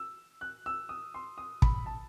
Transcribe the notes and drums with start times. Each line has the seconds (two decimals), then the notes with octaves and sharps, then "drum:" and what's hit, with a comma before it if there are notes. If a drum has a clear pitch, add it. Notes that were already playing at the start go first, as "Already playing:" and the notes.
Already playing: E6
0.41 F#6
0.66 E6
0.89 D#6
1.14 C6
1.38 D#6
1.62 B5, drum: kick
1.86 A5